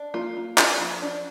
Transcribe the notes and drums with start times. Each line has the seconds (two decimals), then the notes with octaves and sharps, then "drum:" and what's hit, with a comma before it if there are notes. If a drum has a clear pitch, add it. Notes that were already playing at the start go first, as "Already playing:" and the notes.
Already playing: D4
0.14 A#3 F4
0.37 A#3
0.58 D4 F4, drum: clap
0.79 F3
1.02 D4